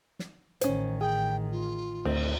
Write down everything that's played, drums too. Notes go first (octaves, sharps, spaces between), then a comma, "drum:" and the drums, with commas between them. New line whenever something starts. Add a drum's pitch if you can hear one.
drum: snare
A1 D#3 C#4 C5, drum: hi-hat
G#4 G5
F4
D2 C4, drum: cymbal